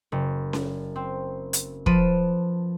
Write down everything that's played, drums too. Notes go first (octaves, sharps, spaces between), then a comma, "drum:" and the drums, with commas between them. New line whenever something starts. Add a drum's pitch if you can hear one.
F#1
drum: snare C#4
C4
drum: hi-hat
F3 B4 A5 B5 D7 D#7, drum: kick